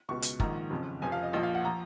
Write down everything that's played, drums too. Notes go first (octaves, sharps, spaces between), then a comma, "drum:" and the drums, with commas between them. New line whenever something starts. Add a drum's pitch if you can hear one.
C#2 B2 C#6
drum: hi-hat
A#1 G#2 D#3 A#5, drum: kick
F#1 F2 C#3
F1 F2 F3 G#5
F5
D#5
A#1 A#2 F3 D#5
F5
F#5
F3 A#5